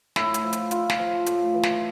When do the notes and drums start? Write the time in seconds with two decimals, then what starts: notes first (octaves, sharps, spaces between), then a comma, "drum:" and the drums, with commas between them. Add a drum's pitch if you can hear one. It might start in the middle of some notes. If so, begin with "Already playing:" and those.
0.16 A2 E4, drum: snare
0.34 drum: hi-hat
0.43 F3
0.53 drum: hi-hat
0.71 A2 F4, drum: hi-hat
0.90 drum: snare
0.99 F3
1.26 A2, drum: hi-hat
1.54 E3
1.63 drum: snare